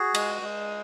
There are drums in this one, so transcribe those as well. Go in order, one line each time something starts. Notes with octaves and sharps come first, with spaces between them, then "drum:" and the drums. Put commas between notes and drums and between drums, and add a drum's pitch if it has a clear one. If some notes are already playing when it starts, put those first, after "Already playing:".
Already playing: F#4 G#4
G#3, drum: cymbal
G#3